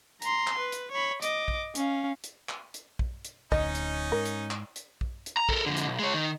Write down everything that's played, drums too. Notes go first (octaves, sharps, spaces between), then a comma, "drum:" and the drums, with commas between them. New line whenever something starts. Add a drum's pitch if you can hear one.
A#5 C6, drum: hi-hat
drum: clap
B4
drum: hi-hat
C#5 B5
D#5 D6, drum: hi-hat
drum: kick A#1
C#4 F5, drum: hi-hat
drum: hi-hat
drum: clap
drum: hi-hat
drum: kick A#1
drum: hi-hat
D1 D2 C#4 D#4 D#5, drum: kick A#1
drum: hi-hat
G#2 A#4
drum: hi-hat
drum: clap
drum: hi-hat
drum: kick A#1
drum: hi-hat
A#5
A4 A#4, drum: kick A#1
F2 D3
drum: hi-hat
B1
G#3 C#5
D#3